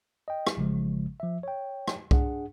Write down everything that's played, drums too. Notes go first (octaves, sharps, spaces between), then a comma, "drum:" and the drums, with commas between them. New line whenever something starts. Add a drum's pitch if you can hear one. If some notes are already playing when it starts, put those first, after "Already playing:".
D#5 G5
drum: rim click
A1 C#3 F3 G#3
F3 E5
C#5 G5
drum: rim click
D4 G#4 F#5, drum: kick C2